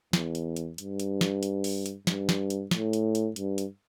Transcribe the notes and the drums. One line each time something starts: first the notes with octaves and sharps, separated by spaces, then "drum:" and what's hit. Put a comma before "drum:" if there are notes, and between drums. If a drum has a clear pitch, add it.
E2, drum: snare
drum: hi-hat
drum: hi-hat
G2, drum: hi-hat
drum: hi-hat
drum: snare
drum: hi-hat
drum: open hi-hat
drum: hi-hat
G2, drum: snare
drum: snare
drum: hi-hat
A2, drum: snare
drum: hi-hat
drum: hi-hat
G2, drum: hi-hat
drum: hi-hat